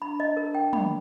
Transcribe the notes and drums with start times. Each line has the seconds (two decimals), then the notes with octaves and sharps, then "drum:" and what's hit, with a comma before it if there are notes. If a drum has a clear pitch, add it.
0.01 D4 B5
0.20 D#5
0.37 A#4
0.55 G5
0.73 B5, drum: tom